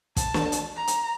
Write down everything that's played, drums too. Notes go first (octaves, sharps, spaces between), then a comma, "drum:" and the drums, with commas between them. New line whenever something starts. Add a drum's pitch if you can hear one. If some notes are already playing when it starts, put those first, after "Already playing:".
A5, drum: kick, hi-hat
drum: snare
drum: hi-hat
A#5
drum: hi-hat